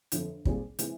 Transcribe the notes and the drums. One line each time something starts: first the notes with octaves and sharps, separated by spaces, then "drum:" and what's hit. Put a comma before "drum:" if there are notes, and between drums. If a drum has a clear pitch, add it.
G1 F2 D3 F3, drum: hi-hat
A#2 G3 C4 F4 G#4, drum: kick
C3 E3 G#3, drum: hi-hat